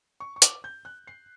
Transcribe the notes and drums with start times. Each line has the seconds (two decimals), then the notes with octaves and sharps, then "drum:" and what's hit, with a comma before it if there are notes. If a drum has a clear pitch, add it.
0.20 C#6
0.36 C#6
0.42 D6, drum: hi-hat
0.64 G6
0.85 F#6
1.07 C7